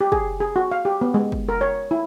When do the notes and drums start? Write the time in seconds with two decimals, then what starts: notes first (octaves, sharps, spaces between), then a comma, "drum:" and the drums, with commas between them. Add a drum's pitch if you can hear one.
0.01 G4
0.12 G#4, drum: kick
0.40 G#4
0.56 F#4
0.72 F5
0.85 G4
1.01 B3
1.14 G#3
1.32 drum: kick
1.49 A#4
1.61 C#5
1.91 E4